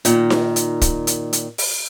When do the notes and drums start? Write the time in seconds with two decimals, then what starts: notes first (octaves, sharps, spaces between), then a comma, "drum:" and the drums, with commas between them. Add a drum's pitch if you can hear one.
0.05 A#2 D#3, drum: hi-hat
0.30 drum: snare D#4
0.56 drum: hi-hat
0.81 drum: kick, hi-hat
1.07 drum: hi-hat
1.33 drum: hi-hat
1.58 drum: open hi-hat